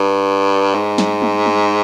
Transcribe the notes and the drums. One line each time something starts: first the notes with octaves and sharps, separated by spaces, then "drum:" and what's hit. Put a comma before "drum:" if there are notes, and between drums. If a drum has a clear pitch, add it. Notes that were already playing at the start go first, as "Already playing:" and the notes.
Already playing: G2
G#2
drum: snare
drum: tom
drum: tom